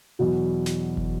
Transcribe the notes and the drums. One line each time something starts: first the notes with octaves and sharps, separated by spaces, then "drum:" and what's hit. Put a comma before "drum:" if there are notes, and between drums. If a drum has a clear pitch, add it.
E2 B2 F#3
drum: snare
drum: kick